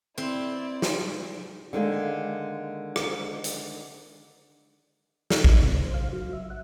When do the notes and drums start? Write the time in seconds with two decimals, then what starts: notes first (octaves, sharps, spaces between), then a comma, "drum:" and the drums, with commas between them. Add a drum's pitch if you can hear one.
0.18 C4 E4 D5
0.82 drum: snare
1.73 D3 D#3 G#3 A#3
2.96 drum: rim click
3.44 drum: hi-hat
5.30 F#5, drum: snare
5.44 D#4, drum: kick A1
5.60 C3
5.75 C5
5.94 F5
6.13 F#3
6.33 E5
6.50 F#5